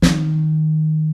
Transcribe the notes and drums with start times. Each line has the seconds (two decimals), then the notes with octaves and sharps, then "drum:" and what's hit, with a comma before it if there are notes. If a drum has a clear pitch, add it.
0.02 D#3, drum: snare